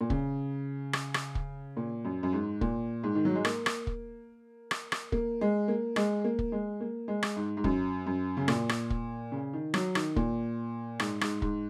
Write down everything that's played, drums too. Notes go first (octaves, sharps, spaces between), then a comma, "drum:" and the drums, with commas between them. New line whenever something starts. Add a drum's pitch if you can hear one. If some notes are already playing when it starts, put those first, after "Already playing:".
A#2
C#3, drum: kick
drum: rim click
drum: rim click
drum: kick
A#2
F#2
F#2
G#2
A#2, drum: kick
G#2
D#3
F#3
G#3
A#3, drum: rim click
drum: rim click
drum: kick
drum: rim click
drum: rim click
A#3, drum: kick
G#3
A#3
G#3, drum: rim click
A#3
drum: kick
G#3
A#3
G#3
drum: rim click
G#2
G#2
F#2, drum: kick
F#2
C#3
A#2, drum: rim click
drum: rim click
drum: kick
C#3
D#3
F#3, drum: rim click
D#3, drum: rim click
A#2, drum: kick
G#2, drum: rim click
G#2, drum: rim click
G#2, drum: kick